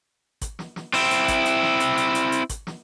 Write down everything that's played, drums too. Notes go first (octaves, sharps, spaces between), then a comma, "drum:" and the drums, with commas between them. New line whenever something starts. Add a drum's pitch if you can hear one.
drum: kick, hi-hat
drum: snare
drum: snare
C4 E4, drum: open hi-hat
drum: hi-hat
drum: kick, hi-hat
drum: hi-hat
drum: snare
drum: hi-hat
drum: hi-hat
drum: hi-hat
drum: hi-hat
drum: kick, hi-hat
drum: snare